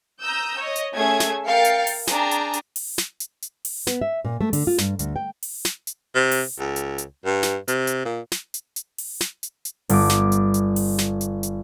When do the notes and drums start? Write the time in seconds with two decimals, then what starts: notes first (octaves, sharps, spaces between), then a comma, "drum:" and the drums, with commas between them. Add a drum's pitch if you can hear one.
0.20 A#5 D#6 E6 G6
0.58 C#5 D#5
0.76 drum: hi-hat
0.94 A3 C#4 G#4 E5 G#6
1.20 drum: snare
1.47 A#4 F5 G5 A6 C7 C#7
1.65 drum: hi-hat
1.87 drum: open hi-hat
2.07 D4 G#4 G5 A5 A#5, drum: snare
2.31 drum: hi-hat
2.53 drum: hi-hat
2.76 drum: open hi-hat
2.98 drum: snare
3.20 drum: hi-hat
3.42 drum: hi-hat
3.65 drum: open hi-hat
3.87 B3, drum: snare
4.01 E5
4.25 A#2
4.41 A3
4.53 D3, drum: open hi-hat
4.67 F4
4.78 G2, drum: snare
4.99 D2, drum: hi-hat
5.16 G5
5.43 drum: open hi-hat
5.65 drum: snare
5.87 drum: hi-hat
6.15 C3
6.31 drum: open hi-hat
6.59 C#2
6.76 drum: hi-hat
6.98 drum: hi-hat
7.25 G2
7.43 drum: snare
7.68 C3, drum: hi-hat
7.87 drum: hi-hat
8.05 A#2
8.32 drum: snare
8.54 drum: hi-hat
8.76 drum: hi-hat
8.98 drum: open hi-hat
9.21 drum: snare
9.43 drum: hi-hat
9.65 drum: hi-hat
9.89 G1 D6, drum: open hi-hat
10.09 drum: snare
10.32 drum: hi-hat
10.54 drum: hi-hat
10.76 drum: open hi-hat
10.98 drum: snare
11.21 drum: hi-hat
11.43 drum: hi-hat